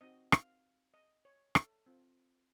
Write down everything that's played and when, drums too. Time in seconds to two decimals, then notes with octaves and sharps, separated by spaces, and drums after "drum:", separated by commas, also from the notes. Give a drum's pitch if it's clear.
0.01 C4 D#4 F#4 D#5
0.32 F5, drum: rim click
0.94 D#5
1.25 C#5
1.55 A4, drum: rim click
1.86 C4 F4